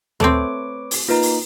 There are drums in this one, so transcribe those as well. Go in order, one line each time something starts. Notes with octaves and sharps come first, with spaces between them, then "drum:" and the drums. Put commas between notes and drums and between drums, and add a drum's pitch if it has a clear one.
A3 C4 B4 C#5 D6, drum: tom D2
drum: open hi-hat
A#3 D#4 F4 B4 A#5
drum: open hi-hat